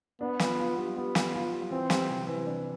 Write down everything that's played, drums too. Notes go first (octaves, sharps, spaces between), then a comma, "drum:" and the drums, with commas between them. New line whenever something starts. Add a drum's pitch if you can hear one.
B3 D4
F4, drum: snare
F4
G3
G3 B3
G3, drum: snare
F4
G3
E3 C4
G3, drum: snare
C3
E3
D4